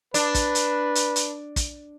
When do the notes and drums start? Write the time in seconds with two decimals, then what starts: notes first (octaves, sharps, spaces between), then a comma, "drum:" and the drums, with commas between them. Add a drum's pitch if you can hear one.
0.14 D4 B4, drum: hi-hat
0.35 drum: kick, hi-hat
0.55 drum: hi-hat
0.95 drum: hi-hat
1.16 drum: hi-hat
1.56 drum: kick, hi-hat